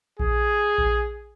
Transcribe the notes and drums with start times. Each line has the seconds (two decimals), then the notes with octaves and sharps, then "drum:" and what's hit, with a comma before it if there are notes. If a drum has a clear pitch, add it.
0.20 G#4, drum: kick A#1
0.78 drum: kick A#1